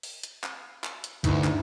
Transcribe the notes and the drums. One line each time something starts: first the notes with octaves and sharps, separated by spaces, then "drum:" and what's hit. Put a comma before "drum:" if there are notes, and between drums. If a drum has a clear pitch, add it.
drum: open hi-hat
drum: hi-hat
drum: clap
drum: clap
drum: hi-hat
D2 G2 D#4 E4, drum: kick, hi-hat
drum: clap